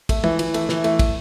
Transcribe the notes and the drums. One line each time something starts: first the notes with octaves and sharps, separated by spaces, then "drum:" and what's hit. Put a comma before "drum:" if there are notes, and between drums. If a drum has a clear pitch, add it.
A3, drum: kick, cymbal
E3, drum: tom
E3, drum: cymbal
A3, drum: cymbal
E3, drum: snare
A3, drum: cymbal
drum: kick, cymbal